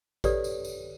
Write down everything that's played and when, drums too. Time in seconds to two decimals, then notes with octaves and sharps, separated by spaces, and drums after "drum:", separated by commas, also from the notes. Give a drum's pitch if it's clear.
0.24 G4 A4 B4 C#5 D5 D#6, drum: kick A1, tambourine
0.44 drum: tambourine
0.65 drum: tambourine